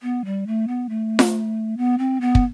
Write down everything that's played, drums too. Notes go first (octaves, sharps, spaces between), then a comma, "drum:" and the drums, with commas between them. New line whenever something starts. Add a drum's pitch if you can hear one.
B3
G3
A3
B3
A3
drum: snare F4
B3
C4
B3
drum: kick